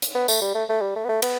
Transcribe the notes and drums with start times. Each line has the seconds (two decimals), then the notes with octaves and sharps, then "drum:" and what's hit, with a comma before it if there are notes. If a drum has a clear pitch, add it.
0.02 drum: hi-hat
0.15 B3
0.28 A3, drum: tambourine
0.41 G3
0.54 A3
0.69 A3
0.82 G3
0.96 A3
1.05 B3
1.09 A3
1.22 B3, drum: cymbal